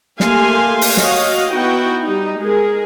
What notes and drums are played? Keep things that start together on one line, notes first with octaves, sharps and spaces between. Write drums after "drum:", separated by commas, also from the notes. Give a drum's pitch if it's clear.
A3 A#3 G4 F5 G#5 C6, drum: snare
drum: open hi-hat
F#4 C#5 D#5 F5, drum: snare
B3 D#4 E4 F#4 G5
G3 D#4
G#3 G#4 A#4